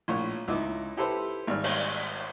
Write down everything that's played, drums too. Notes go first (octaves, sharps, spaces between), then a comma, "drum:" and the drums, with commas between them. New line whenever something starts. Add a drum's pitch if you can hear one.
A#1 A2 C#5
C#2 D#4 E4 D6
E4 G4 A4 B4 C5
G#1 G3 F6
drum: cymbal